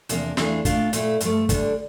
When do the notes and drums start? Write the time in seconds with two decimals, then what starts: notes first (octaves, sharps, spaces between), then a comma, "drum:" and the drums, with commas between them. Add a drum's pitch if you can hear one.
0.09 E2 C3 F3 A#3 D4, drum: hi-hat
0.37 E2 E3 A3 D4 F4, drum: snare
0.65 A#2 A3 D4 F4, drum: kick, hi-hat
0.93 A#2 A3 E4, drum: hi-hat
1.20 G2 F3 A3, drum: hi-hat
1.49 D2 D3 G3 D4, drum: kick, hi-hat